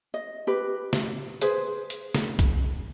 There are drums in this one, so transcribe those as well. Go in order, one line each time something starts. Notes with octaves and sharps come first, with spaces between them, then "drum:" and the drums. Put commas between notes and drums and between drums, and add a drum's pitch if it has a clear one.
D#5
G4 B4
drum: snare
G#4 B4 C5, drum: hi-hat
drum: hi-hat
drum: snare
drum: kick B1, hi-hat